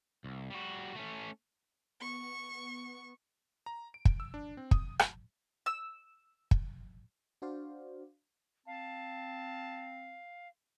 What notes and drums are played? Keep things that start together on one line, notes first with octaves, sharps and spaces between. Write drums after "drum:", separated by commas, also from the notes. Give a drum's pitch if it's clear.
C2
G3 F#4
A3 C#4
B3 C#6
A#5
D7
drum: kick
E6
D4
C4
D#6, drum: kick
drum: rim click
E6
drum: kick
D4 F#4 C5 D5 F5
C4 F5 A5